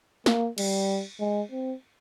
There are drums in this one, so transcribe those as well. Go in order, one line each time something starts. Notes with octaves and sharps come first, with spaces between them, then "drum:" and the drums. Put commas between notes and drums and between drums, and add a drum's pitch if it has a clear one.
A#3, drum: snare
G3, drum: cymbal
G#3
C4